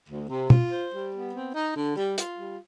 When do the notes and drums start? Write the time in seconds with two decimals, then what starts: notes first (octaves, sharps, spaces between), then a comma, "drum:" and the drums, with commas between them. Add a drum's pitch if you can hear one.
0.08 D2
0.29 C3
0.50 F4, drum: tom
0.71 C5
0.93 G3
1.13 B3
1.34 C4
1.55 D#4
1.76 D3
1.96 G3
2.18 F4, drum: hi-hat
2.38 G3